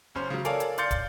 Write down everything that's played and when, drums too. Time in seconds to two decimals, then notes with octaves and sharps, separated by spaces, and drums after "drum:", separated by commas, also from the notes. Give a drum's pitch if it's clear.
0.15 F#1 C#4 C5
0.30 C#3 F#3
0.45 A4 A#4 C#5 D5 F5 G#5, drum: hi-hat
0.60 drum: hi-hat
0.78 D5 F5 C6 G6 A6 C#7, drum: hi-hat
0.91 drum: kick, hi-hat